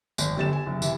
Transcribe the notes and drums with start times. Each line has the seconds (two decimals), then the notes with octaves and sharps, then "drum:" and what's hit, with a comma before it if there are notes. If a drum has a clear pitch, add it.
0.18 G#1, drum: tambourine
0.36 G1 G3 A6 E7
0.53 G#5
0.66 F#1
0.82 C3 E3, drum: tambourine